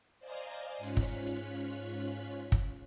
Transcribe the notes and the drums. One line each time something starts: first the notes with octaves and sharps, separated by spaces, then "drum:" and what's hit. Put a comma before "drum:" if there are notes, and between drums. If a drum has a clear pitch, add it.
C5 D5 D#5 F5 G#5 A#5
G#2 C#4 F4 C#5 F#6 B6
drum: kick
drum: kick